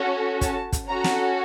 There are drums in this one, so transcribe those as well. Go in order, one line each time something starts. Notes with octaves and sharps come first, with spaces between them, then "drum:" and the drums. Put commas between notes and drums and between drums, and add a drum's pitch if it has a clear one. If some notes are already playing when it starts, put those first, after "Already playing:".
Already playing: C#4 F#4 A4
A5, drum: kick, hi-hat
drum: kick, hi-hat
C#4 F#4 A4 A#5
drum: snare